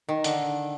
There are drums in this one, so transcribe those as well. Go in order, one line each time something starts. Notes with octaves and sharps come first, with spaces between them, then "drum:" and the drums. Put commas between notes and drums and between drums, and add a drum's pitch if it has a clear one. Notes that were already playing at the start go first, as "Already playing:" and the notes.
D#3
D3, drum: hi-hat